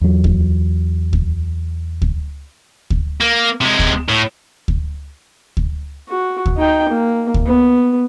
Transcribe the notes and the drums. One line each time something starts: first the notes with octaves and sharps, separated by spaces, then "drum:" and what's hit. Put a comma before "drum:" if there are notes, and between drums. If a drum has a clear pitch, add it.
E2 F#3
drum: kick D2
drum: kick D2
drum: kick D2
drum: kick D2
A#3
C3 G#3
drum: kick D2
A2
drum: kick D2
drum: kick D2
F#4
drum: kick D2
D#4 G5
A#3
drum: kick D2
B3